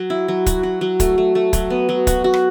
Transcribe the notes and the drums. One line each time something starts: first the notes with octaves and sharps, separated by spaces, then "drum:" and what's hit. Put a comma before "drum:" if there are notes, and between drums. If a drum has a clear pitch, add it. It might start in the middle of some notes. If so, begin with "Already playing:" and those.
Already playing: F#3
E4
F#3
F#4, drum: kick, hi-hat
F#4
F#3
A3, drum: kick, hi-hat
A3
A3
F#3, drum: kick, hi-hat
B3
F#3
F#4, drum: kick, hi-hat
F#4
drum: rim click